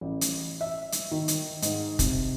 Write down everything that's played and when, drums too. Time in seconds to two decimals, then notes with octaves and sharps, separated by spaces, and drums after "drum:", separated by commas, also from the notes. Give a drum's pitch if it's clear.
0.01 A1
0.21 drum: hi-hat
0.61 E5
0.92 drum: hi-hat
1.11 D#3
1.28 drum: hi-hat
1.62 G#2, drum: hi-hat
1.99 C3, drum: kick, hi-hat